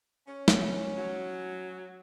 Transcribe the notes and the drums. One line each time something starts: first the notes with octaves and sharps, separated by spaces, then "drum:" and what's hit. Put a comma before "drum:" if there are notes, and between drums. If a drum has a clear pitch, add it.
C#4
drum: snare
F#3